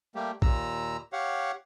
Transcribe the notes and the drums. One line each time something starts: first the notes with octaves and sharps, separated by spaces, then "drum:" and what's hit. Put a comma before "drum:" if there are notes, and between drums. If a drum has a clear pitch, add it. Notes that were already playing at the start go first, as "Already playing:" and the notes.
G3 A3 A#3 G4
D#2 A#2 A#5 E6, drum: kick
G4 C#5 F5 F#5